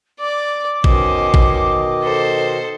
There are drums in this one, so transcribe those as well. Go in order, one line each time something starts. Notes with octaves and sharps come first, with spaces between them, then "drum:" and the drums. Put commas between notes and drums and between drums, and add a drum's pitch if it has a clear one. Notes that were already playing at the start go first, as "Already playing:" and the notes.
D5 D6
B2 D#3 C#4 C5 D#5, drum: kick
drum: kick
A4 C5